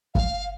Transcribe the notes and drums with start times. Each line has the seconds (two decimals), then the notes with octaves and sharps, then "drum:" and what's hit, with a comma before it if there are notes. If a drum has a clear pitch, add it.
0.15 F5, drum: kick